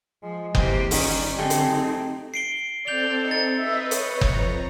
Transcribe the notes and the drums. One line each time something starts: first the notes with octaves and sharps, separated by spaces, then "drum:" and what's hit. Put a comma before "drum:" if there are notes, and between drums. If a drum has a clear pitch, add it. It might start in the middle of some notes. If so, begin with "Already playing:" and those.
F3 G#3
E3 A#3 C4 G4, drum: kick F#1
G1 D#3 C#4 D#4 D5, drum: open hi-hat
F#2 D3 G#3 A3 C4 G4
drum: hi-hat
D#4
C7 D7 G7
C4 A4 D5 G6 F7 G7
D#4 A6 C#7
B4 D#5 E5
C#5, drum: hi-hat
F2 A#5, drum: kick F#1